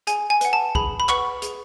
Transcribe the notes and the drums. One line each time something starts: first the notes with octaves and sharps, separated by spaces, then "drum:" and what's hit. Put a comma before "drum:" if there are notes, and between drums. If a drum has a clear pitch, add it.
G#4 G#5, drum: hi-hat
G#5
B4 F#5, drum: hi-hat
A5
G#4 B5, drum: kick
B5
B4 F#5 C#6, drum: clap
G#4, drum: hi-hat